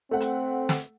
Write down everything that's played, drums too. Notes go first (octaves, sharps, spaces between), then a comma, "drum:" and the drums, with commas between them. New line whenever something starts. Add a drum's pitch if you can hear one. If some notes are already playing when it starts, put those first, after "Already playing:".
A3 C4 F#5
drum: hi-hat
drum: snare